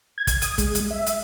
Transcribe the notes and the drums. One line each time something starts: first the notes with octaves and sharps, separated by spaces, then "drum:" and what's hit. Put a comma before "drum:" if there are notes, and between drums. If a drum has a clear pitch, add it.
G#6
drum: kick, hi-hat
D#6, drum: hi-hat
G#3, drum: kick, hi-hat
drum: hi-hat
E5
drum: hi-hat